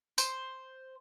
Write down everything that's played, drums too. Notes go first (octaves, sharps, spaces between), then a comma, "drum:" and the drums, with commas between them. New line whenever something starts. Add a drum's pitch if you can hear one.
C5, drum: tambourine